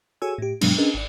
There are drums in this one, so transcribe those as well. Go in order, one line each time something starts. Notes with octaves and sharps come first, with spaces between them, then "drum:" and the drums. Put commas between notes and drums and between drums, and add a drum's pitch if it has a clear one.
F#4 G#4 A4 C#5 G#5 E6
A2 G4
G2 B2 F#3 G#3 D4, drum: cymbal
C#4 D4 G#4 A#4 B4 D#5
G#1 D5